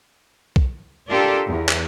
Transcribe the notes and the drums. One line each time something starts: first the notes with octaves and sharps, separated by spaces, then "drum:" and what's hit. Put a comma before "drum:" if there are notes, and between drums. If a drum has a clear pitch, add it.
drum: kick B1
D4 F4 G4 A4 A#4 D5
E2
drum: clap